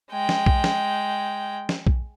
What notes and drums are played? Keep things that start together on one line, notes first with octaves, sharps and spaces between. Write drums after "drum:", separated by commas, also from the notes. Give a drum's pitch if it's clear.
G#3 G5
drum: snare
drum: kick A#1
drum: snare
drum: snare
drum: kick A#1